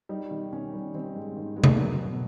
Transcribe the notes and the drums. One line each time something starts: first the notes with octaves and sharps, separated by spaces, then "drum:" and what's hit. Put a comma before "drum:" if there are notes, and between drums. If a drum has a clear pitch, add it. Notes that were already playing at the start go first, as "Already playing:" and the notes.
G3 D#4
D#3
D#3 C#4
G3
D#3 C4
G#2
D#3
G3 G#3
A3, drum: tom
A#3
F#3 B3
B2